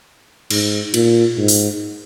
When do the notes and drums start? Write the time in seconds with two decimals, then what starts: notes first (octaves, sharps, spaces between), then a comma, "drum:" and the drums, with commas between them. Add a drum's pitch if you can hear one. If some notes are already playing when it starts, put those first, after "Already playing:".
0.51 G#2, drum: cymbal
0.94 A#2, drum: cymbal
1.38 G#2
1.48 drum: open hi-hat